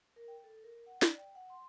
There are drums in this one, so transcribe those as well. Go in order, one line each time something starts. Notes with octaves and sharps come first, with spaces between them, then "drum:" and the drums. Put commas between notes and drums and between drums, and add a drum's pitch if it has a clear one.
A#4
G5
A4
A#4
F#5
D5, drum: snare
G5
F#5
C6